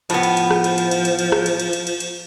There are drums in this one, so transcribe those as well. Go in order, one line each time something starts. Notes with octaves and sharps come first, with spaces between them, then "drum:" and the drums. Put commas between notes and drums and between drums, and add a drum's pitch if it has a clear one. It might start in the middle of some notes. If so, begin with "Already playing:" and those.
A2 F3 B3, drum: cymbal
drum: cymbal
drum: cymbal
drum: rim click
drum: cymbal
drum: cymbal
drum: cymbal
drum: cymbal
drum: cymbal
drum: rim click
drum: cymbal
drum: cymbal
drum: cymbal
drum: cymbal
drum: cymbal